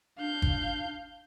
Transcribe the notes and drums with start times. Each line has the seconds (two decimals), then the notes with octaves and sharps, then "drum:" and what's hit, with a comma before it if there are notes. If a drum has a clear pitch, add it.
0.18 D4 F5 G6
0.42 drum: kick